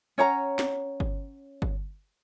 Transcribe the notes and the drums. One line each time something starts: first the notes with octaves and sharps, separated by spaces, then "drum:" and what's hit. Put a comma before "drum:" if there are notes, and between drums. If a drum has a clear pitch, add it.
C#4 C#5 F#5 A#5
drum: snare
drum: kick G1
drum: kick G1